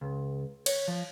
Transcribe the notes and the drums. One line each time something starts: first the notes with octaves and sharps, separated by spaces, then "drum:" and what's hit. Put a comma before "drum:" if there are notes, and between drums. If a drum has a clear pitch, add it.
C#2
C#5, drum: cymbal
F3